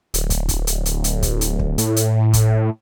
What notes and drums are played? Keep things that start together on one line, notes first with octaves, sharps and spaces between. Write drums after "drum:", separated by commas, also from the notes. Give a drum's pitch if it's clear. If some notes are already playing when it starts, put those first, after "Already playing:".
D1, drum: hi-hat
drum: kick, hi-hat
drum: kick, hi-hat
drum: hi-hat
drum: hi-hat
drum: hi-hat
drum: kick, hi-hat
drum: hi-hat
drum: kick
A2, drum: hi-hat
drum: hi-hat
drum: kick, hi-hat